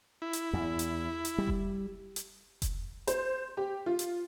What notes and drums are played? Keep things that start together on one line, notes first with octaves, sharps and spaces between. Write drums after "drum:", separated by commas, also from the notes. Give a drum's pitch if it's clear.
E4
drum: hi-hat
E2
drum: hi-hat
drum: hi-hat
G3
drum: kick F1
drum: hi-hat
drum: kick F1, hi-hat
C5, drum: hi-hat
G4
F4
drum: hi-hat